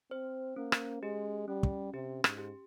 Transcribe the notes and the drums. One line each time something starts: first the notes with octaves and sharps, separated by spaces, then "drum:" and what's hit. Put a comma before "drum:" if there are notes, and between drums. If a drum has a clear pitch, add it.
C4 C5
A#3 C#4
drum: rim click
G#3 G4
G3 C#4
drum: kick
C3 G4
G#2, drum: rim click
G4